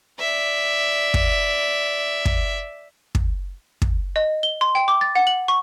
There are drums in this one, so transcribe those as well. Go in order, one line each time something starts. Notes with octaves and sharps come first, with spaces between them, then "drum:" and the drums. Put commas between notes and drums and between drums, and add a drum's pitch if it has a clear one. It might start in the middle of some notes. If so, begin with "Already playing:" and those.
D5 E5
drum: kick
drum: kick
drum: kick
drum: kick
D#5
G7
C6
G5
D6
A6
F#5
F#7
C#6